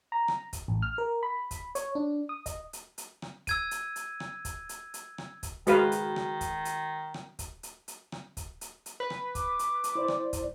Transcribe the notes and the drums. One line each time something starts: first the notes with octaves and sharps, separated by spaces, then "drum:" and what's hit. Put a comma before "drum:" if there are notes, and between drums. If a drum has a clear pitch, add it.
A#5
drum: rim click
drum: kick, hi-hat
A1
F6
A#4
B5
drum: kick, hi-hat
C#5, drum: hi-hat
D4
D#6
D#5, drum: kick, hi-hat
drum: hi-hat
drum: hi-hat
drum: rim click
E6 G#6 D#7, drum: kick, hi-hat
drum: hi-hat
drum: hi-hat
drum: rim click
drum: kick, hi-hat
drum: hi-hat
drum: hi-hat
drum: rim click
drum: kick, hi-hat
D#3 G#3 F#4 B4 F5, drum: hi-hat
drum: hi-hat
drum: rim click
drum: kick, hi-hat
drum: hi-hat
drum: rim click
drum: kick, hi-hat
drum: hi-hat
drum: hi-hat
drum: rim click
drum: kick, hi-hat
drum: hi-hat
drum: hi-hat
B4
drum: rim click
D6, drum: kick, hi-hat
drum: hi-hat
drum: hi-hat
E4 C5 D5
drum: rim click
drum: kick, hi-hat